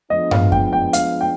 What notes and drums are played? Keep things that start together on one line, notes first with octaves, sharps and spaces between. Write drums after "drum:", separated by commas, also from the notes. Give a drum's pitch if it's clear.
F3 G#3 B3 D4 D#5
F5, drum: tom G2
G5, drum: kick F#2
G5
F5, drum: hi-hat
G5